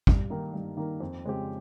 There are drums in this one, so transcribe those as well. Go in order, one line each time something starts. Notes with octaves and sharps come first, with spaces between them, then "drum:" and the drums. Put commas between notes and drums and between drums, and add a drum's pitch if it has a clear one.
G2, drum: kick
D#3 A#3 D#4 A#4
G2
D#3 A#3 D#4 A#4
F2
C#3 G#3 C4 G4